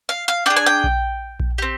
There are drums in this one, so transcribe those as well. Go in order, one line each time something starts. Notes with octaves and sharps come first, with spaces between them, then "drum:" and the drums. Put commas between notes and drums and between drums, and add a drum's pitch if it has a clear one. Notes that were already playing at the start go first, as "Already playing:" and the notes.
F5
F5
D4 G#4 G5
G#5
G5
drum: kick A#1
drum: kick A#1
C4 G4